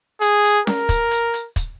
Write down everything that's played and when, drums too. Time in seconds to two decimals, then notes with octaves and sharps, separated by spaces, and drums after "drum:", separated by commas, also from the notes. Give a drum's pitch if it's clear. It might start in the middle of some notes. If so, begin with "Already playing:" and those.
0.21 G#4, drum: hi-hat
0.44 drum: hi-hat
0.67 A#4, drum: snare C#4
0.89 drum: kick, hi-hat
1.11 drum: hi-hat
1.34 drum: hi-hat
1.56 drum: kick, hi-hat